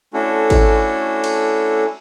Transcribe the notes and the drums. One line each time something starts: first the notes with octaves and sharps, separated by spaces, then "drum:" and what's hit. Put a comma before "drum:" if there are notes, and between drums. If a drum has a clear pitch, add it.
A3 C#4 D4 E4 F#4 A4
drum: kick G#1, cymbal
drum: cymbal